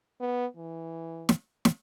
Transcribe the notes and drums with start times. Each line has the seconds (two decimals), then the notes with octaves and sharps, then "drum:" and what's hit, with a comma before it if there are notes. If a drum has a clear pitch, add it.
0.21 B3
0.57 E3
1.29 drum: snare
1.65 drum: snare